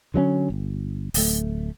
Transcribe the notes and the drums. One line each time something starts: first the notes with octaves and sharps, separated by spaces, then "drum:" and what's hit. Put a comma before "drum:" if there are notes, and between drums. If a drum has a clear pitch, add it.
D3 F#3 G#3 C#4
G1
D1 A3, drum: open hi-hat